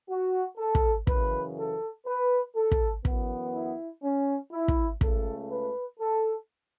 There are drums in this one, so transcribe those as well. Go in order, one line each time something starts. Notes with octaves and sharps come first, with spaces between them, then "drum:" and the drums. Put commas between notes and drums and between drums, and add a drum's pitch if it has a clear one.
F#4
A4
drum: kick
F#2 C#3 E3 B4, drum: kick
A4
B4
A4
drum: kick
F#2 E3 B3, drum: kick
E4
C#4
E4
drum: kick
C#2 C#3 A3 A4, drum: kick
B4
A4